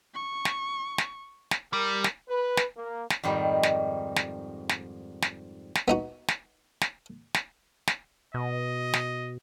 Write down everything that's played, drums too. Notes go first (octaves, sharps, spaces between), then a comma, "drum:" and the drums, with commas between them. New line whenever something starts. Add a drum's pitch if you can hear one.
C#6
drum: snare
drum: snare
drum: snare
G3 A#4
drum: snare
B4
drum: snare
A#3
drum: snare
F2 G#2 D#3 G3
drum: snare
drum: snare
drum: snare
drum: snare
drum: snare
B3 D#4 F#4
drum: snare
drum: snare
drum: snare
drum: snare
B2 D#5
drum: snare